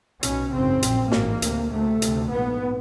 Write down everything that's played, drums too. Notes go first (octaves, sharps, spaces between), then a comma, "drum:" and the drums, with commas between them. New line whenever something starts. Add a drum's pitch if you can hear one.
B1 B2 C#4, drum: hi-hat
G#1 F#2 C#3 C4
A#1 A#2, drum: hi-hat
A1 G#2 A#3, drum: snare
D2 C3, drum: hi-hat
D2 C3 A3
D2 C3, drum: hi-hat
A#1 G#2 B3